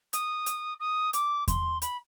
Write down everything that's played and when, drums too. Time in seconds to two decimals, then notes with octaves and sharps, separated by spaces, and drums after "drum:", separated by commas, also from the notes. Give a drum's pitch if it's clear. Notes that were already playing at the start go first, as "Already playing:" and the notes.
0.13 D#6, drum: hi-hat
0.46 drum: hi-hat
0.80 D#6
1.13 D6, drum: hi-hat
1.48 C6, drum: kick E2, hi-hat
1.82 B5, drum: hi-hat